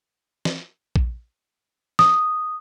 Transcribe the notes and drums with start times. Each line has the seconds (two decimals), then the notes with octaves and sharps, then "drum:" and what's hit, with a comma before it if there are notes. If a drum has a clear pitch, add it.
0.45 drum: snare
0.96 drum: kick A#1
1.99 D#6, drum: snare